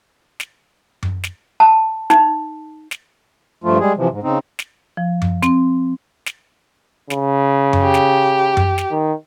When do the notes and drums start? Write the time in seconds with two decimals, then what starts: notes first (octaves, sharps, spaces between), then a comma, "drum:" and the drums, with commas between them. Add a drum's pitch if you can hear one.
0.40 drum: snare
1.03 drum: tom F#2
1.24 drum: snare
1.60 A5
2.10 D#4, drum: snare
2.91 drum: snare
3.64 G2 F3 A3 F4
3.79 G3 G#3 G#4
3.97 C3 E3 F3
4.10 G#2
4.23 C#3 C4 D#4
4.59 drum: snare
4.97 F3
5.22 drum: tom F#2
5.43 C4, drum: snare
6.26 drum: snare
7.10 C#3, drum: snare
7.73 drum: tom F#2
7.83 G4
7.94 drum: snare
8.57 drum: tom F#2
8.78 drum: snare
8.91 D#3